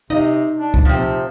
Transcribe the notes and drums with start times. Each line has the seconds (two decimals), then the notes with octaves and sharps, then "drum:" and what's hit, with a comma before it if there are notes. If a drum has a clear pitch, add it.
0.10 C3 D#4 D#5
0.58 D4
0.74 drum: kick
0.85 C3 F3 C4